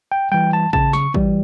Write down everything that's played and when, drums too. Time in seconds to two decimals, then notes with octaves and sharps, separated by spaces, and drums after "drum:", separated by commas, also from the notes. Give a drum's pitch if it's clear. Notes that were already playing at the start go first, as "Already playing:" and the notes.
0.12 G5
0.32 E3 G3 G5
0.53 A5
0.73 C#3 A5, drum: kick A1
0.93 C#6, drum: snare
1.14 E3 G3, drum: kick A1